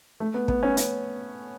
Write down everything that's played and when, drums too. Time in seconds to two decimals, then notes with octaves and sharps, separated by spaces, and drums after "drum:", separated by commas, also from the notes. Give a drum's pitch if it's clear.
0.20 A3
0.34 B3
0.48 B3, drum: kick
0.63 C#4
0.77 C#4, drum: hi-hat